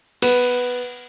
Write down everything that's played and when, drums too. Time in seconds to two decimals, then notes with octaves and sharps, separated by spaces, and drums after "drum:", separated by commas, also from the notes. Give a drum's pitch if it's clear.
0.22 B3, drum: cymbal